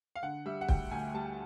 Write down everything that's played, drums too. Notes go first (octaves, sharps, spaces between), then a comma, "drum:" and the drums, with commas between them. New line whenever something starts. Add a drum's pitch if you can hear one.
F5
D3 F#5
G3 E5
F#5
D2 G5, drum: kick
D2 G#5
G3 A5